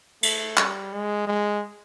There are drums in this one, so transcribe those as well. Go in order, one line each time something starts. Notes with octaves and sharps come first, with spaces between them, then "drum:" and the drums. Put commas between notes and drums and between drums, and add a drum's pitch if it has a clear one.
A3, drum: cymbal
G3, drum: clap
G#3
G#3